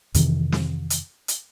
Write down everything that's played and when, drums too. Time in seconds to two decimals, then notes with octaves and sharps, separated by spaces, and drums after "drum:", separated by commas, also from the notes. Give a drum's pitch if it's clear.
0.14 F2 C3 D#3 E3, drum: hi-hat
0.52 drum: snare
0.90 drum: hi-hat
1.28 drum: hi-hat